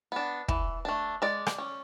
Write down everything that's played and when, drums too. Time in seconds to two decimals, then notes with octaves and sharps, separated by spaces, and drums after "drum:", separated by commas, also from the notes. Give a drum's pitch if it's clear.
0.12 B3 D4
0.48 E3, drum: kick
0.85 A3 D4
1.22 G#3 D5
1.47 drum: rim click
1.58 C#4